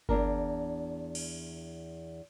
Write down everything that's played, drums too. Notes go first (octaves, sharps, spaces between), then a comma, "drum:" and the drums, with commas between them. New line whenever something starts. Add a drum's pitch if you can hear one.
E2 D4 A#4, drum: kick G1
drum: cymbal